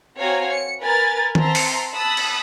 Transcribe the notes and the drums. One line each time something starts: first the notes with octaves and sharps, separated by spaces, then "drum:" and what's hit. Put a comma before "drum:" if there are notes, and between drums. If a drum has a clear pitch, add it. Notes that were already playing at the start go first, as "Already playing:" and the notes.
C4 F#4 C#5 F5 G#5 A#5
C#7
A#4 B4 G#5 A#5 A6
C4 E5 A5 A#5 C6, drum: tom D#3
drum: open hi-hat
A5 B5 D#6 E6 F#6 B6
drum: cymbal